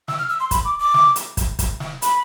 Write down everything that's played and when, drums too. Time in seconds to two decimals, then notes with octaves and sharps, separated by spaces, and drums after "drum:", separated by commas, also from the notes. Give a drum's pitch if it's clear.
0.08 E6, drum: snare
0.19 F6
0.29 E6
0.40 C6
0.51 B5, drum: kick, hi-hat
0.65 D6
0.80 D6
0.94 drum: snare
1.16 drum: hi-hat
1.37 drum: kick, hi-hat
1.59 drum: kick, hi-hat
1.80 drum: snare
2.02 B5, drum: hi-hat